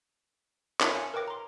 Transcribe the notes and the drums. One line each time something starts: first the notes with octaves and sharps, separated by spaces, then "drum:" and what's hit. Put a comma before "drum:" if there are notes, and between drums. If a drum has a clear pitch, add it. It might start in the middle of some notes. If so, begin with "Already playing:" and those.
D#4 F4 A#4 C#5 D#5 E5, drum: clap
F5 G#5 C#7
A#4 B4 C#5 G5 D6 A#6
A#5 C6